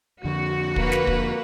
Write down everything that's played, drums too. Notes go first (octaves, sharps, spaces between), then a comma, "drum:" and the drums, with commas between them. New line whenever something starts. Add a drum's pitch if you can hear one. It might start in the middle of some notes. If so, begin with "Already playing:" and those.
F2 D3 F#4
A#3 B4, drum: kick
drum: snare
drum: kick